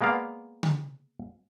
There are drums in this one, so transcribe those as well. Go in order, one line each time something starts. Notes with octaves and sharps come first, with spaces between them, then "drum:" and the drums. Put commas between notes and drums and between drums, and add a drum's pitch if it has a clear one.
G#3 A#3 B3 D5 F5
drum: tom C#3